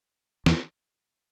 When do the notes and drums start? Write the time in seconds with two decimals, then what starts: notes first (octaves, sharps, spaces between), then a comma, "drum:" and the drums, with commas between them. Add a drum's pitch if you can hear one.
0.46 E2, drum: snare